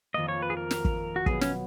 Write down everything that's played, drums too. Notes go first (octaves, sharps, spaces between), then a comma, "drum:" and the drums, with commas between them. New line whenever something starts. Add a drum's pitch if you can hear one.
F2 D#3 A#3 D#5
C#5
B4
G#4
A#4
drum: snare
drum: kick
F#4
B2 F#3 B3 G#4, drum: kick
C#4, drum: snare